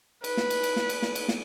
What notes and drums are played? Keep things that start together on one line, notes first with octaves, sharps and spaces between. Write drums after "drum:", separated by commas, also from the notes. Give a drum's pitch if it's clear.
B4, drum: cymbal
drum: snare
drum: cymbal
drum: cymbal
drum: snare
drum: cymbal
drum: snare
drum: cymbal
drum: snare